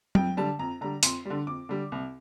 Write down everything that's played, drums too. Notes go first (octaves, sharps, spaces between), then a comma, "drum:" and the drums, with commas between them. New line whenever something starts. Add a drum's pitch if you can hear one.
F2 G5, drum: tom F#3
D3 G3 A5
F2 A#5
D3 G3 A#5
F2 C6, drum: hi-hat
D3 G3
F2 D6
D3 G3
C2